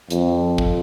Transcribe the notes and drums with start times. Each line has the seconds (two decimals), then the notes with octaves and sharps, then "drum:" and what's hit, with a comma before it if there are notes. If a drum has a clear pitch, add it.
0.10 F2, drum: hi-hat
0.58 drum: kick